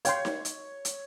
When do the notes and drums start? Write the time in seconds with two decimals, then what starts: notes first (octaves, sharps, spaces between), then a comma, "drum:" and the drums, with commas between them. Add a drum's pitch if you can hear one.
0.05 C#5 F5 G5 C6, drum: hi-hat
0.25 drum: snare D#4
0.45 drum: hi-hat
0.85 drum: hi-hat